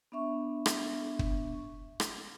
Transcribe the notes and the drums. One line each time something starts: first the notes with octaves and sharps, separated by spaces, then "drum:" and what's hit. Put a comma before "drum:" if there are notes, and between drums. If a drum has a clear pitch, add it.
B3 D4 E5 C#6
drum: rim click
drum: kick
drum: rim click